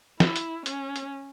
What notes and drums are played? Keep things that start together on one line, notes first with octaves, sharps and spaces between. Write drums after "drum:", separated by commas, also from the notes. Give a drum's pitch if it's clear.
E4, drum: snare
drum: hi-hat
C#4, drum: hi-hat
drum: hi-hat